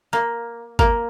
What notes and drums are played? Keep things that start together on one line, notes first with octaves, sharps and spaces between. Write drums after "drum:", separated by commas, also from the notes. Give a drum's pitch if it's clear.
A#3
A#3, drum: kick G#1